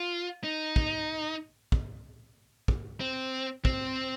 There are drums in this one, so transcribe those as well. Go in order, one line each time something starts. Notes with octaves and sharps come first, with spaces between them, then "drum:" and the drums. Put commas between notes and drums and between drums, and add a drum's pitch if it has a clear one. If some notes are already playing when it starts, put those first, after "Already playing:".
Already playing: F4
D#4
drum: kick
drum: kick
drum: kick
C4
C4, drum: kick